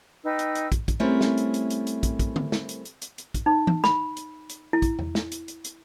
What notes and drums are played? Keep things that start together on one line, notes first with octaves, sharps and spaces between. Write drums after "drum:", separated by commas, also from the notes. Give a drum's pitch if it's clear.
D#4 B4 G5 E6
drum: hi-hat
drum: hi-hat
drum: kick, hi-hat
drum: kick, hi-hat
G3 A3 C4 C#4 E4 A#4
drum: snare
drum: hi-hat
drum: hi-hat
drum: hi-hat
drum: hi-hat
drum: kick, hi-hat
drum: kick, hi-hat
drum: tom D3
drum: snare
drum: hi-hat
drum: hi-hat
drum: hi-hat
drum: hi-hat
drum: kick, hi-hat
D#4
drum: tom E3
B5, drum: snare
drum: hi-hat
drum: hi-hat
E4
drum: kick, hi-hat
drum: tom E2
drum: snare
drum: hi-hat
drum: hi-hat
drum: hi-hat